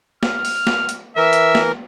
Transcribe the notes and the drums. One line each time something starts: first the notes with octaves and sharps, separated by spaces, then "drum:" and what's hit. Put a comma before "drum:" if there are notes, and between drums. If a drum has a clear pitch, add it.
F6, drum: snare
drum: open hi-hat
drum: snare
drum: hi-hat
E3 A#4 E5
drum: hi-hat
drum: snare